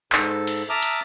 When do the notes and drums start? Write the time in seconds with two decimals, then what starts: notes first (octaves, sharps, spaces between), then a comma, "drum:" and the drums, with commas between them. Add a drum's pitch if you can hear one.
0.12 G#2 A4, drum: clap
0.47 drum: cymbal
0.70 E5 A5 A#5 D6 D#6 F6
0.83 drum: cymbal